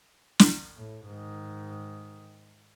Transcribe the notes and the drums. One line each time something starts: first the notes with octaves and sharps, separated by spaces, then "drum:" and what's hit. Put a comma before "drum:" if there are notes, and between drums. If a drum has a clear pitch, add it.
drum: snare
A2
G#2 D#3